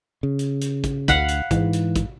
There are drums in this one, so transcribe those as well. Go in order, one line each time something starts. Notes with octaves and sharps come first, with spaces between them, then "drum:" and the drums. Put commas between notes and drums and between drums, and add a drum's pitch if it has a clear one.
C#3
drum: hi-hat
drum: hi-hat
drum: kick, hi-hat
D2 F5 F#5 B5, drum: kick, hi-hat
drum: hi-hat
G#2 E3, drum: kick, hi-hat
drum: hi-hat
drum: kick, hi-hat